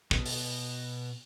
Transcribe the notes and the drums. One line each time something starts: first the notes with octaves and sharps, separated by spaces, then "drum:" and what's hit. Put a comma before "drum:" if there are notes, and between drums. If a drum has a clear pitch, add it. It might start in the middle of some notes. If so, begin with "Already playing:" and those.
B2, drum: kick
drum: open hi-hat